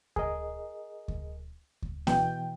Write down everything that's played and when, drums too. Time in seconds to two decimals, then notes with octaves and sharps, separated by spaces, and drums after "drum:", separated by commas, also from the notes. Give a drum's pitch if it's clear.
0.16 G#4 A#4 D#5, drum: kick D2
1.08 drum: kick D2
1.82 drum: kick D2
2.07 B2 E3 G5, drum: snare